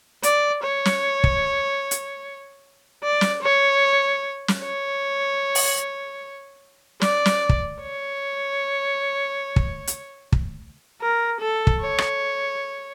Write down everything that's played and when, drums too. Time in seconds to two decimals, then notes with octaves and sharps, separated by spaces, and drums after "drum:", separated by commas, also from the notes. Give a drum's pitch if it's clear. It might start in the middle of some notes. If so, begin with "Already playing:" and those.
0.23 D5, drum: hi-hat
0.63 C#5
0.85 drum: snare
1.24 drum: kick
1.91 drum: hi-hat
3.03 D5
3.21 drum: snare
3.43 C#5
4.48 drum: snare
4.62 C#5
5.55 drum: open hi-hat
7.01 D5, drum: snare
7.25 drum: snare
7.49 drum: kick
7.82 C#5
9.56 drum: kick
9.87 drum: hi-hat
10.32 drum: kick
11.02 A#4
11.41 A4
11.67 drum: kick
11.81 C#5
11.98 drum: rim click